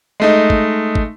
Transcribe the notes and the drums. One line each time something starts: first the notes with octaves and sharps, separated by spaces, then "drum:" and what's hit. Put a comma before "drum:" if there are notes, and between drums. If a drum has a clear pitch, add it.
G#3 A3 D#4
drum: kick
drum: kick